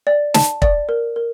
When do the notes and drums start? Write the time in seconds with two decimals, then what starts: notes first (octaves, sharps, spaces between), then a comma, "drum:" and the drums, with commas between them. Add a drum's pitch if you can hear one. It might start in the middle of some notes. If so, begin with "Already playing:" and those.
0.07 D5
0.34 A5, drum: snare
0.62 D5, drum: kick
0.89 A#4
1.16 A#4